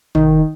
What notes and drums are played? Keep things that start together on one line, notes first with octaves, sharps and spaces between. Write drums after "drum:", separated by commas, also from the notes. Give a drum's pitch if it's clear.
D#3, drum: tom